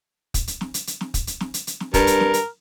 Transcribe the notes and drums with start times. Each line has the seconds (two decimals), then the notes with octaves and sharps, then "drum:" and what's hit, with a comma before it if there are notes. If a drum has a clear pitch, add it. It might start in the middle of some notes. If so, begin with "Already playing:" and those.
0.34 drum: kick, hi-hat
0.47 drum: hi-hat
0.61 drum: snare
0.74 drum: hi-hat
0.87 drum: hi-hat
1.01 drum: snare
1.14 drum: kick, hi-hat
1.27 drum: hi-hat
1.41 drum: snare
1.54 drum: hi-hat
1.67 drum: hi-hat
1.80 drum: snare
1.94 G2 A#4, drum: kick, hi-hat
2.07 drum: hi-hat
2.20 drum: snare
2.34 drum: hi-hat